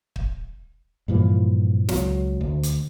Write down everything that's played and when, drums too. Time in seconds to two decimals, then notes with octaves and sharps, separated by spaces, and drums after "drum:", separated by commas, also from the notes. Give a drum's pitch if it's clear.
0.16 drum: kick
1.08 G2 A#2 E3 F3
1.89 C#2 F#3, drum: snare
2.41 D2
2.63 drum: hi-hat